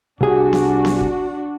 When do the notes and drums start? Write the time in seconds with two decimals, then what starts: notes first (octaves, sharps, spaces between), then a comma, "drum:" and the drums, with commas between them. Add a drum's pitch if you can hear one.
0.21 C2 D4 F#4 G#4
0.53 drum: snare B3
0.85 drum: snare B3
1.01 drum: kick